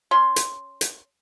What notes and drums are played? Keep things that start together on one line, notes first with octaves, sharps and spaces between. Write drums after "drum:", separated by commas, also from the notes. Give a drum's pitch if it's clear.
C#4 C6
drum: hi-hat
drum: hi-hat